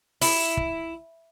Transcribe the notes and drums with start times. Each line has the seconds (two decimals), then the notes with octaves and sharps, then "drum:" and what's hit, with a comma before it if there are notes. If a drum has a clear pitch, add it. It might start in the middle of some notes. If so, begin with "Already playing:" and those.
0.22 E4, drum: open hi-hat
0.57 drum: kick